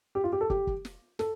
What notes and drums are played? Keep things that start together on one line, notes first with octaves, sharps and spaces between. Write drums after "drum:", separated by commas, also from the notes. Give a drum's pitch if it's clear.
G4
F4
G4
A4
G4, drum: kick
drum: kick
drum: snare
A4, drum: snare